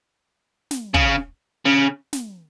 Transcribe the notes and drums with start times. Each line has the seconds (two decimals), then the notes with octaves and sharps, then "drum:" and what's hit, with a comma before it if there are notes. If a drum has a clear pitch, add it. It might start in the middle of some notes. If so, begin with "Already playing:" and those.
0.71 drum: snare
0.94 C#3, drum: kick
1.65 C#3
2.13 drum: snare